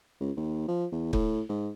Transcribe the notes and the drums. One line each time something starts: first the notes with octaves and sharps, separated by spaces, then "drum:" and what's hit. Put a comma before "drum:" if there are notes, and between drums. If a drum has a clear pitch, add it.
C#2
D#2
F3
E2
A2, drum: kick
G#2